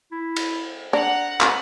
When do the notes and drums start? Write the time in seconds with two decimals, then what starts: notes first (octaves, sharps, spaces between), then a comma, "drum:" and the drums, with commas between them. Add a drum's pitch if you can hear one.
0.12 E4
0.36 drum: cymbal
0.93 D4 F#5 A#5
1.41 drum: clap